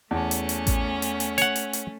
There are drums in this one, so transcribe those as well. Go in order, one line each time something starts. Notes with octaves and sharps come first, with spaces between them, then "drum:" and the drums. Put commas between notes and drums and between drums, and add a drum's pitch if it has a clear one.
E2 A3 C#4 A5
drum: hi-hat
drum: hi-hat
drum: kick A1, hi-hat
drum: hi-hat
drum: hi-hat
C#5 F#5, drum: hi-hat
drum: hi-hat
drum: hi-hat